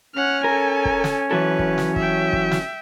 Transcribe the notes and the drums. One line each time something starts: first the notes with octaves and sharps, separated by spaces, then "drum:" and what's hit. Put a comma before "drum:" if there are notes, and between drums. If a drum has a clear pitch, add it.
C#4 F#5 F6
A4 A#4 G#5
drum: kick
drum: snare
E3 F#3 A4 B4
drum: kick
drum: snare
E5 G5, drum: kick
drum: kick
drum: snare